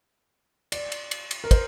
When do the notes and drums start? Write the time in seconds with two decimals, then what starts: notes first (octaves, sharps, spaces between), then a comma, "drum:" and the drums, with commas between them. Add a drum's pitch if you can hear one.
0.72 D5, drum: cymbal
0.92 drum: cymbal
1.11 drum: cymbal
1.31 drum: cymbal
1.44 A#4
1.51 C5, drum: kick, cymbal